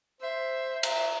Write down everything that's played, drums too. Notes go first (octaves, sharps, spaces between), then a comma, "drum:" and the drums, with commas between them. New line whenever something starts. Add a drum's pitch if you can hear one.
C5 E5
E5 A#5, drum: cymbal